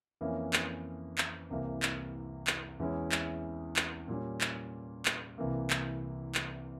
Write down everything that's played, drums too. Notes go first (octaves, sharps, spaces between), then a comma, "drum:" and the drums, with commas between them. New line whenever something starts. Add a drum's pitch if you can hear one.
F2 E3 A#3 C#4 E4
drum: clap
drum: clap
C2 C3 E3 A#3
drum: clap
drum: clap
E2 E3 G#3 C#4 E4
drum: clap
drum: clap
A#2 G3 C#4
drum: clap
drum: clap
C2 C3 E3 A#3
drum: clap
drum: clap